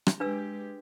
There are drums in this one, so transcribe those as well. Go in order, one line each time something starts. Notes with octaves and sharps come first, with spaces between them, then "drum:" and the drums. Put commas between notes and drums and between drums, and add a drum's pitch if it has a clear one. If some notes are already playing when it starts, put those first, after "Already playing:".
drum: rim click
G#3 D4 G4 B4 E6